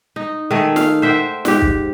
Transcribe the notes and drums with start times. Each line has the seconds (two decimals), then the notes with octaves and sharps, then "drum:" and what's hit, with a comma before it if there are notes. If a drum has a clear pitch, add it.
0.16 D#4
0.51 D#3 A3 G#4
0.76 F5, drum: snare
1.02 C5 E5 F#5 G5
1.45 G#2 G4, drum: snare
1.62 drum: kick